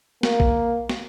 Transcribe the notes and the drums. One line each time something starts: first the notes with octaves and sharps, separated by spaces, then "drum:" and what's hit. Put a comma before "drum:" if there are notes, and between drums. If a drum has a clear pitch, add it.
A#3, drum: snare
drum: kick A#1
drum: snare